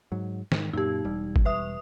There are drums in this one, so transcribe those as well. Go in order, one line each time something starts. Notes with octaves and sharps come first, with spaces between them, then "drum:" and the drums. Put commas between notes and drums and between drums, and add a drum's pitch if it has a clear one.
G#2 F#3
G#2 D#3, drum: snare
F#2 A#2 D#4 G4
E1 G3
drum: kick G#1
B4 E5 D#6